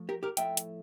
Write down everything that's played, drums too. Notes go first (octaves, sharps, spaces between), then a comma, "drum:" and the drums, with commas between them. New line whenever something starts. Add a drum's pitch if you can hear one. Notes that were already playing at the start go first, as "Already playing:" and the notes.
Already playing: F3 A3
G4 A#4
G4 A#4
A2 F3 A3 E5 G5, drum: hi-hat
drum: hi-hat